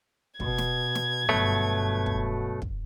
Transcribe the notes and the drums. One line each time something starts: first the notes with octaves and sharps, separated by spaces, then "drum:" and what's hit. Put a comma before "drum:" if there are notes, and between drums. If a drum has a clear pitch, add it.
B2 G#6, drum: kick
drum: snare
drum: snare
G1 G2 B2 F#3 A3
drum: kick
drum: kick